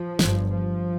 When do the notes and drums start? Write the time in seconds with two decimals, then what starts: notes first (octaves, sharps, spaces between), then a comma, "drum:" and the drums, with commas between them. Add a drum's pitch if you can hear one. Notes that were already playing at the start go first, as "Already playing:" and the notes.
Already playing: F3
0.19 G1, drum: snare
0.24 G2
0.50 F3